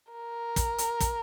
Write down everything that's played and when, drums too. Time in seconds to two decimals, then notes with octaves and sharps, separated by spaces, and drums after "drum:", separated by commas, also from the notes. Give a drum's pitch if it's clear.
0.12 A#4
0.56 drum: kick, hi-hat
0.78 drum: hi-hat
1.00 drum: kick, hi-hat